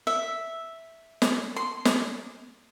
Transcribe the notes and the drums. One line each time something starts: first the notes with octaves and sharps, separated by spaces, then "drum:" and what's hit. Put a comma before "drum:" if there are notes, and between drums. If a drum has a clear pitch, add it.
E5
drum: snare
C6
drum: snare